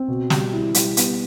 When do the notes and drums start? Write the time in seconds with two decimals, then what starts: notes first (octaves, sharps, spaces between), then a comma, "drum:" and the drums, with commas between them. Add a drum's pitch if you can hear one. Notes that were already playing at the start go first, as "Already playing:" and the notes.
Already playing: C4
0.08 B2
0.30 G3, drum: snare
0.53 E4
0.75 G3, drum: hi-hat
0.97 B3, drum: hi-hat